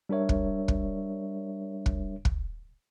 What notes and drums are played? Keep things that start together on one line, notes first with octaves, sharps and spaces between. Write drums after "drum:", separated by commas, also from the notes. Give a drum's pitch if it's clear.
G3 D4 A#4 C#5 E5
drum: kick
drum: kick
drum: kick
drum: kick